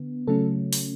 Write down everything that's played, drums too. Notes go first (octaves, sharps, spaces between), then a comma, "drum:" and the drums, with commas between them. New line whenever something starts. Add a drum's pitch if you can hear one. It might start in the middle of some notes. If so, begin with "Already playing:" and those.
Already playing: D3 B3
C#3 F#3 A3 C#4 A4
drum: open hi-hat